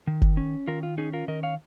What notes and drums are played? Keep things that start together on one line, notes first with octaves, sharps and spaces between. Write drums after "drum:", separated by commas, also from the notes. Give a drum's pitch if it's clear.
D#3
drum: kick F#1
C#4
D#3 F4 A#4
F4
C#4 D#4 G#4
F4 A#4
D#3 A#4 D#5
C#5 F5